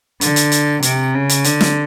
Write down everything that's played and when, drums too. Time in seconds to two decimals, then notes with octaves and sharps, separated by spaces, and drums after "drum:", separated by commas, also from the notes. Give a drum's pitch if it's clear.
0.21 D3, drum: hi-hat
0.36 drum: hi-hat
0.52 drum: hi-hat
0.83 C3, drum: hi-hat
1.14 C#3
1.29 drum: hi-hat
1.44 D3, drum: hi-hat
1.61 drum: snare